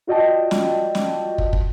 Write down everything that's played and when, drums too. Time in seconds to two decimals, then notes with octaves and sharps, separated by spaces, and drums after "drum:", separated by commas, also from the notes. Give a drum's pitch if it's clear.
0.07 F4 F#4 D5 D#5 G5 A5
0.51 drum: snare
0.95 drum: snare
1.38 drum: kick
1.53 drum: kick